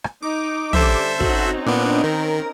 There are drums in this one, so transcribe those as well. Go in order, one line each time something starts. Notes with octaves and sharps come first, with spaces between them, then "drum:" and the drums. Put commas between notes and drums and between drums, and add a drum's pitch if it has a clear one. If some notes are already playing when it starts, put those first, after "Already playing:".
drum: rim click
D#4 D6
D3 G3 C#4 A4 C5 E5, drum: tom
C4 C#4 D#4 F#4, drum: kick
A#2 B3 D4
D#3 A#4